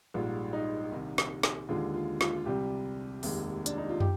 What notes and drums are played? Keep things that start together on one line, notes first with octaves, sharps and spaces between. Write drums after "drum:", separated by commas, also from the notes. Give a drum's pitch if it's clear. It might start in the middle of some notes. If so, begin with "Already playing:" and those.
A#1 G#2 G3 F4
D#4
C2 C3 D#3
drum: snare
drum: snare
D#2 D3 G#3 F4
F4
F4, drum: snare
F4
C2 C3 G3 G4
F1 D#2 D#3 G#3, drum: open hi-hat
D4, drum: hi-hat
D#4
F4
G4, drum: tom